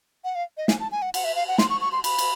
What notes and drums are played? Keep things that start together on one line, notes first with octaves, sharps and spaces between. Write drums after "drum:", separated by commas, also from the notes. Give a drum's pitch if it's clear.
F#5
F5
D#5
G#5, drum: snare
A5
G#5
F#5
F#5, drum: cymbal
E5
F5
F#5
C6, drum: snare
C#6
C#6
C6
B5, drum: cymbal
drum: cymbal